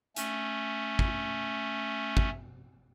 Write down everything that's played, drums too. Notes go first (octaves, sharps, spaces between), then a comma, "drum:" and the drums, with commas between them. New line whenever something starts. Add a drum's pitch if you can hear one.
A3 C#4, drum: hi-hat
drum: kick
drum: kick